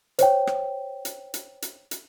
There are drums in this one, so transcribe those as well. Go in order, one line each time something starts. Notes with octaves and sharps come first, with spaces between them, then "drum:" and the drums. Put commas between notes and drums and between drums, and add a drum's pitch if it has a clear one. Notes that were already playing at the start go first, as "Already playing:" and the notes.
C5 C#5 G5, drum: hi-hat
drum: rim click
drum: hi-hat
drum: hi-hat
drum: hi-hat
drum: hi-hat